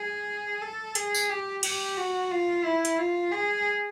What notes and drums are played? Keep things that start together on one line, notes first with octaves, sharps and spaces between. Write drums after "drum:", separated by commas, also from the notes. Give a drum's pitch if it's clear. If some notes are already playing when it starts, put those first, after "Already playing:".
Already playing: G#4
A4
G#4, drum: hi-hat
drum: tambourine
G4
G4, drum: cymbal
F#4
F4
E4
drum: hi-hat
F4
G#4